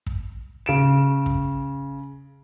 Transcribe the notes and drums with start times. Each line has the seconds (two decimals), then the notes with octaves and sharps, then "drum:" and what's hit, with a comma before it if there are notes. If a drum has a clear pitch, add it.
0.06 drum: kick
0.66 C#3 D7 E7
1.26 drum: kick